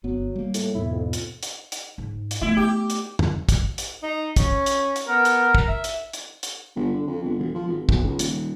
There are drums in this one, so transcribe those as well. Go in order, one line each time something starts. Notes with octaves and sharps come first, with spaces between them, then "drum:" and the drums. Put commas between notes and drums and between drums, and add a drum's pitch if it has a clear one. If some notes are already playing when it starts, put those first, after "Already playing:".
G1 F#3 B3
G3 A#3
A2, drum: hi-hat
E2 G#2 B2 E4
F2
drum: hi-hat
drum: hi-hat
drum: hi-hat
G#2
drum: hi-hat
A3 B3 E4
G4
drum: hi-hat
drum: tom
drum: kick, hi-hat
drum: hi-hat
D#4
C#4, drum: kick, hi-hat
drum: hi-hat
drum: hi-hat
B3 A#4
drum: hi-hat
drum: kick
E5
drum: hi-hat
drum: hi-hat
drum: hi-hat
G1
D3
F2
G1
E1
F3
G#1
B1, drum: kick
C#2
D#1, drum: hi-hat